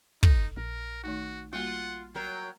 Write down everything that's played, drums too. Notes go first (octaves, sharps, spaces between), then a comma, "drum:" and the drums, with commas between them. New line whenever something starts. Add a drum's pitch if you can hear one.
G#1 D#4 A4, drum: kick
A#1 A#4
D#3 A3 D#4 F#4
G3 A#3 F4 F#4 F#5
F#3 A#4 G5